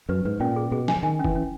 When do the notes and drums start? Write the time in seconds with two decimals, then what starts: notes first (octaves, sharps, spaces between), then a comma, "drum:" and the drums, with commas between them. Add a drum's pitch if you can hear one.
0.09 F#2 B4
0.25 G#2 B4
0.40 A#2 C#4
0.56 G#4
0.72 B2 G#4
0.88 G#5, drum: snare
0.96 C#3
1.03 D#3 G#5
1.19 C#4
1.24 E3, drum: kick
1.35 C#4